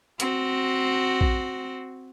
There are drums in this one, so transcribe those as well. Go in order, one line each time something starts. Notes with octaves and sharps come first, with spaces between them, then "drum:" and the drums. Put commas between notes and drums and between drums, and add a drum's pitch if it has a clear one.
C4 F#4, drum: hi-hat
drum: kick A#1